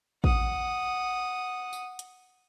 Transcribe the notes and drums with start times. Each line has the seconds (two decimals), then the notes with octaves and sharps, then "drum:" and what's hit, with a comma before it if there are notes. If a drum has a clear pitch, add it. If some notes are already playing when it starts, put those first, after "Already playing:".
0.24 F#5 D#6, drum: kick A1
1.73 drum: tambourine
1.99 drum: hi-hat